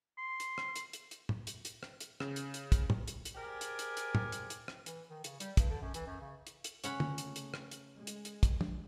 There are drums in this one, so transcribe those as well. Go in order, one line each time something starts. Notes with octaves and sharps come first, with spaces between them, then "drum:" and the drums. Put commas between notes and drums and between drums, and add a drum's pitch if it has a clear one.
C6
drum: hi-hat
drum: rim click
drum: hi-hat
drum: hi-hat
drum: hi-hat
drum: tom
drum: hi-hat
drum: hi-hat
drum: rim click
drum: hi-hat
C#3, drum: rim click
drum: hi-hat
drum: hi-hat
drum: kick, hi-hat
drum: tom
drum: hi-hat
drum: hi-hat
G4 G#4 A#4 C5 D5 G#5
drum: hi-hat
drum: hi-hat
drum: hi-hat
drum: tom
drum: hi-hat
drum: hi-hat
drum: rim click
E3, drum: hi-hat
D#3
C#3, drum: hi-hat
G3, drum: hi-hat
G2, drum: kick, hi-hat
D3
F#2
E3, drum: hi-hat
F#2
C#3
drum: hi-hat
drum: hi-hat
C#3 A3 C#4 F#5 B5, drum: hi-hat
drum: tom
drum: hi-hat
drum: hi-hat
drum: rim click
drum: hi-hat
G#3
drum: hi-hat
drum: hi-hat
drum: kick, hi-hat
drum: tom